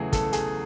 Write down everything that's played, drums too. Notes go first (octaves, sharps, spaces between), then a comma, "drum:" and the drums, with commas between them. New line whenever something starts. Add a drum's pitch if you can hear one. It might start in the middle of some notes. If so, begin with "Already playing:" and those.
Already playing: E2 C#3 F#3 A3 G#4
A4, drum: kick, hi-hat
G#4, drum: hi-hat